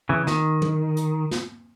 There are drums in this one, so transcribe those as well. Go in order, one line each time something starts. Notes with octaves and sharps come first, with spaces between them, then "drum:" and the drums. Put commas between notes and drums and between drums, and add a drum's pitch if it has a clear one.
C#3 E3
D#3, drum: snare
drum: tom
drum: hi-hat
drum: snare